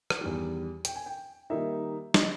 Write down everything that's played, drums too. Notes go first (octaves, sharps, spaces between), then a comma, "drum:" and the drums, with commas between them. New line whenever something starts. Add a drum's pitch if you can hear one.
drum: rim click
E2 D#3 G3
G5, drum: hi-hat
G#5
G5
D#3 G3 A#3 D#4 E5
D#5, drum: snare